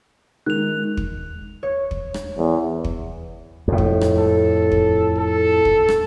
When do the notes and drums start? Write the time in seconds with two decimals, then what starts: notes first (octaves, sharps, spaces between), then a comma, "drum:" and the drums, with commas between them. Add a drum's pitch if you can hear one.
0.46 D#3 G#3 F#6 F7
0.97 drum: kick
1.63 C#5
1.91 drum: kick
2.14 drum: rim click
2.38 E2
2.84 drum: kick
3.68 F2 A2
3.78 drum: kick
4.01 drum: rim click
4.18 A4
4.72 drum: kick
5.18 A4
5.65 drum: kick
5.89 drum: rim click